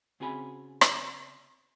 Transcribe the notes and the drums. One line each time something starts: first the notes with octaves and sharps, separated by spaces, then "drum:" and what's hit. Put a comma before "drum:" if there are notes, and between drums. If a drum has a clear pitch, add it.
C#3 C4 F#4 G#4 G#5 B5
drum: rim click